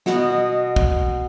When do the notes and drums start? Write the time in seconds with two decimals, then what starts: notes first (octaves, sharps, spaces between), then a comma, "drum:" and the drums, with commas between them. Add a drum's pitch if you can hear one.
0.06 B2 B3 F#4 D#5, drum: snare
0.76 drum: kick